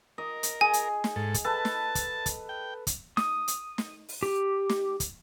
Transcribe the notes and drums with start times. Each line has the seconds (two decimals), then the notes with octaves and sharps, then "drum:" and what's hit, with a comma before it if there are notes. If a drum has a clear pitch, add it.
0.18 A#4 D#5
0.43 drum: hi-hat
0.61 G#4 G#5
0.73 drum: hi-hat
1.04 drum: snare
1.16 G#2 A4
1.34 drum: kick, hi-hat
1.45 A4 B4 A5
1.65 drum: snare
1.95 drum: kick, hi-hat
2.26 drum: kick, hi-hat
2.49 G5
2.87 drum: kick, hi-hat
3.17 D#6, drum: snare
3.48 drum: hi-hat
3.78 drum: snare
4.09 drum: open hi-hat
4.23 G4
4.69 drum: snare
5.00 drum: kick, hi-hat